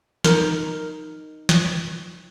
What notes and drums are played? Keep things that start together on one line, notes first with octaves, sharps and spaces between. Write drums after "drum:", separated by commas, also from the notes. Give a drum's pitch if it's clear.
D#4 A#4, drum: snare
drum: snare